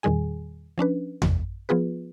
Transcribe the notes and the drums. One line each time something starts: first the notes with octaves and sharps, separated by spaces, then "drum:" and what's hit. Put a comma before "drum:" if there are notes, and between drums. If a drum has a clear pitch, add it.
E2 A#2 D#3 G3 G#4 G#5
F3 C#4 D4 B4
A1 F#2, drum: tom E2
F3 B3 F4 G#4 B4